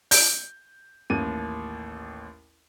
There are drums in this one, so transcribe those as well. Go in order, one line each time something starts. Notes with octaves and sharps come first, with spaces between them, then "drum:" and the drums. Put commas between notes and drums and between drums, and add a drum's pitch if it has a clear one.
G6, drum: open hi-hat
A1 D#2 D#7